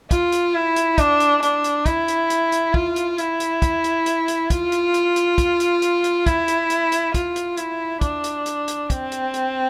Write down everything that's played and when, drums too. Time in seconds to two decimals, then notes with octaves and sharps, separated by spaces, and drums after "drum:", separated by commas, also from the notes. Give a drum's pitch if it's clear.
0.11 F4, drum: kick, hi-hat
0.32 drum: hi-hat
0.55 E4
0.76 drum: hi-hat
0.98 D4, drum: kick, hi-hat
1.20 drum: hi-hat
1.43 D4, drum: hi-hat
1.64 drum: hi-hat
1.86 E4, drum: kick, hi-hat
2.08 drum: hi-hat
2.30 drum: hi-hat
2.52 drum: hi-hat
2.74 F4, drum: kick
2.96 drum: hi-hat
3.18 E4, drum: hi-hat
3.40 drum: hi-hat
3.62 drum: kick, hi-hat
3.84 drum: hi-hat
4.06 drum: hi-hat
4.28 drum: hi-hat
4.50 F4, drum: kick, hi-hat
4.72 drum: hi-hat
4.94 drum: hi-hat
5.16 drum: hi-hat
5.38 drum: kick, hi-hat
5.60 drum: hi-hat
5.82 drum: hi-hat
6.04 drum: hi-hat
6.26 E4, drum: kick, hi-hat
6.48 drum: hi-hat
6.70 drum: hi-hat
6.92 drum: hi-hat
7.14 F4, drum: kick, hi-hat
7.36 drum: hi-hat
7.57 E4, drum: hi-hat
8.01 D4, drum: kick, hi-hat
8.24 drum: hi-hat
8.46 drum: hi-hat
8.68 drum: hi-hat
8.90 C4, drum: kick, hi-hat
9.12 drum: hi-hat
9.34 drum: hi-hat